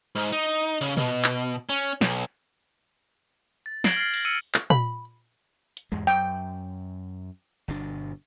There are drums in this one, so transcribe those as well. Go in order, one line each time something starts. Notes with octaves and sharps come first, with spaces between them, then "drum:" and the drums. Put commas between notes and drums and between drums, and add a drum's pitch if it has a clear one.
G#2
D#4
C#3, drum: open hi-hat
B2, drum: tom A#2
drum: clap
C#4
B1, drum: snare
A6
G#6 A#6 C7 D7 F#7 G7, drum: snare
F6 A6 C7
A#6 F#7, drum: open hi-hat
E6 F6 C#7 D#7
drum: clap
B5, drum: tom A#2
drum: hi-hat
E2 G#2 G#3
F#2 G5
G1 B2 D4